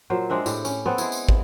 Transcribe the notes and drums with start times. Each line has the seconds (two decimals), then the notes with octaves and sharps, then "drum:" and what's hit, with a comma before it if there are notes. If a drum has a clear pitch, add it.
0.10 A#2 F#3 C5
0.30 G#3 C4 D4 E5
0.46 A2 G4, drum: tambourine
0.65 C#4, drum: tambourine
0.86 B3 C4 A4 C#5
0.98 G#3 E4, drum: tambourine
1.12 drum: tambourine
1.29 drum: kick